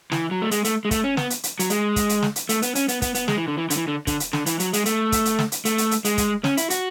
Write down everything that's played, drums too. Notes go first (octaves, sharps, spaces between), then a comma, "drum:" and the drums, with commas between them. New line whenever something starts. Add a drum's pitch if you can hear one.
E3, drum: snare
F#3
A3
G#3, drum: hi-hat
A3, drum: hi-hat
G#3
A3, drum: kick, hi-hat
C#4
B3, drum: snare
drum: hi-hat
drum: hi-hat
F#3, drum: hi-hat
G#3, drum: hi-hat
drum: kick, hi-hat
drum: hi-hat
drum: snare
drum: hi-hat
A3, drum: hi-hat
B3, drum: hi-hat
C#4, drum: hi-hat
B3, drum: hi-hat
B3, drum: kick, hi-hat
B3, drum: hi-hat
G#3, drum: snare
E3
D3
E3
D3, drum: hi-hat
E3
D3
D3, drum: kick, hi-hat
drum: hi-hat
D3, drum: snare
E3, drum: hi-hat
F#3, drum: hi-hat
G#3, drum: hi-hat
A3, drum: hi-hat
drum: kick, hi-hat
drum: hi-hat
drum: snare
drum: hi-hat
A3, drum: hi-hat
drum: hi-hat
drum: hi-hat
G#3, drum: hi-hat
drum: kick, hi-hat
C#4, drum: snare
E4, drum: hi-hat
F#4, drum: hi-hat